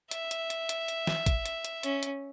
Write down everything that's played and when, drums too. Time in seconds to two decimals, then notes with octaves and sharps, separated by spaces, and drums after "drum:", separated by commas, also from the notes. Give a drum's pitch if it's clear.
0.11 E5, drum: hi-hat
0.31 drum: hi-hat
0.50 drum: hi-hat
0.69 drum: hi-hat
0.88 drum: hi-hat
1.07 drum: snare
1.26 drum: kick, hi-hat
1.45 drum: hi-hat
1.65 drum: hi-hat
1.83 C#4, drum: hi-hat
2.03 drum: hi-hat